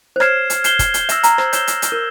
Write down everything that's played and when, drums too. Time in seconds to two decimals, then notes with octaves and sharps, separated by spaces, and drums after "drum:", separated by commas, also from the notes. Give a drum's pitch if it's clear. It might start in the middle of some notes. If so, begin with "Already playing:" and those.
0.16 C5
0.20 C#5 F6 G#6 C7 E7, drum: rim click
0.50 drum: hi-hat
0.64 G6 C7 E7 G7, drum: hi-hat
0.79 drum: kick, hi-hat
0.94 drum: hi-hat
1.09 E5 E6 A#6 E7 G7, drum: hi-hat
1.23 A#5, drum: hi-hat
1.38 C5, drum: rim click
1.53 C#5 G6 C7 E7 G7, drum: hi-hat
1.67 drum: hi-hat
1.82 drum: hi-hat
1.92 A#4